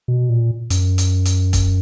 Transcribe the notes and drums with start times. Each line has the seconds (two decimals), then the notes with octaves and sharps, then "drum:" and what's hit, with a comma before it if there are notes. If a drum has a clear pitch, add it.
0.08 B2
0.29 A#2
0.70 F#2, drum: hi-hat
0.98 drum: hi-hat
1.25 drum: hi-hat
1.53 drum: kick E1, hi-hat